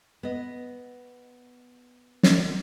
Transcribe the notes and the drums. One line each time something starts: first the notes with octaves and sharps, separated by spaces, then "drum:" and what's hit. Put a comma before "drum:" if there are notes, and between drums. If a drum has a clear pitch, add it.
B3 D#5
drum: snare